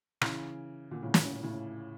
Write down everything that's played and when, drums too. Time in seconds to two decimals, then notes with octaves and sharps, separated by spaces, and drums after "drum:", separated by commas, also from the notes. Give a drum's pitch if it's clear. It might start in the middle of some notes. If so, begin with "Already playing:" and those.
0.21 C#3 E3, drum: rim click
0.91 A#2 D3
1.02 A2 C#3
1.14 A#2, drum: snare
1.26 A#2
1.43 A2 C#3